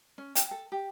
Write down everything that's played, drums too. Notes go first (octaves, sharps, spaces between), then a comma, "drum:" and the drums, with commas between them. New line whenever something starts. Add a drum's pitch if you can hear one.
C#4
G5, drum: hi-hat
A4
G4